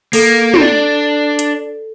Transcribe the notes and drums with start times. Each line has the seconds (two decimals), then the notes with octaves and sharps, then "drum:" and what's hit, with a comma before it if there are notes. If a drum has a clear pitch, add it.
0.13 A#3 A4, drum: open hi-hat
0.54 C4, drum: tom
0.61 D4
1.39 drum: hi-hat